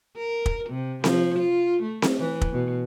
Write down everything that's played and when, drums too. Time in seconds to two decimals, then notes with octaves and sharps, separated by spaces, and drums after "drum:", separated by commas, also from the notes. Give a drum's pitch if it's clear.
0.17 A#4
0.46 drum: kick
0.69 C3
1.04 F3, drum: snare C4
1.39 F4
1.83 A3
2.02 drum: snare C4
2.19 E3
2.41 drum: kick
2.52 B2